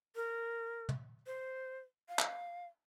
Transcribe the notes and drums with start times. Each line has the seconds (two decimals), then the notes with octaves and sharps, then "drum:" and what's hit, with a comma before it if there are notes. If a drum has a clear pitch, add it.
0.16 A#4
0.89 drum: tom
1.27 C5
2.09 F5
2.19 drum: clap